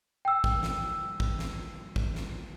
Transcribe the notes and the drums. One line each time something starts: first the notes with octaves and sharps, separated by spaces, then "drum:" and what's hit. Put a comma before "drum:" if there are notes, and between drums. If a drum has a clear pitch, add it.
G5 E6
drum: kick
drum: snare
drum: kick
drum: snare
drum: kick
drum: snare